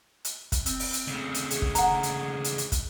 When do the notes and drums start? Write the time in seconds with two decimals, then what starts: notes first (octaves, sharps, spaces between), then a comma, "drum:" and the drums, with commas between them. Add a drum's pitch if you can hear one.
0.25 drum: hi-hat
0.52 drum: kick, hi-hat
0.66 C4, drum: hi-hat
0.80 drum: open hi-hat
0.93 drum: hi-hat
1.07 D2 C#3
1.34 drum: hi-hat
1.51 G#4, drum: hi-hat
1.62 drum: kick
1.75 F#5 A#5, drum: hi-hat
2.03 drum: hi-hat
2.44 drum: hi-hat
2.58 drum: hi-hat
2.72 drum: kick, hi-hat